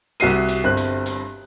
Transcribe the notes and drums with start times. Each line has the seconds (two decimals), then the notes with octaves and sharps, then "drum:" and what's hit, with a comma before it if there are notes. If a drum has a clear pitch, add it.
0.20 C2 F#4 E5 C7 D#7, drum: hi-hat
0.48 drum: hi-hat
0.64 G1 G2 C4 F#6
0.77 drum: hi-hat
1.06 drum: hi-hat